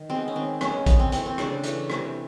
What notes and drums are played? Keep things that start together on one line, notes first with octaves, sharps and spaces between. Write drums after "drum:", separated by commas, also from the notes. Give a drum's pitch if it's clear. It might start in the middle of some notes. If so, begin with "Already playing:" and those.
Already playing: D#3
G#3 C4
B3
C#4
D#3 C4
G#3 B3 C#4, drum: rim click
C#3, drum: kick A#1, hi-hat
C4
E3 A3 C4, drum: hi-hat
C4
C#3 D4, drum: rim click
E3 A3, drum: hi-hat
C3, drum: rim click